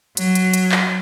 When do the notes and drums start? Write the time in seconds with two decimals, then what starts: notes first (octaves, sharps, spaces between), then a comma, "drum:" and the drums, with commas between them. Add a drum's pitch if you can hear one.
0.17 F#3, drum: hi-hat
0.35 drum: hi-hat
0.54 drum: hi-hat
0.72 drum: clap